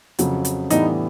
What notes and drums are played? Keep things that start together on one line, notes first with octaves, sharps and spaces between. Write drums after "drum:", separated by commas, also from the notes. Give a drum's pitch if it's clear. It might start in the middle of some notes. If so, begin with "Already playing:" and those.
F2 C#3 F#3, drum: hi-hat
drum: hi-hat
A2 E3 G3 B3 D4 D#4, drum: hi-hat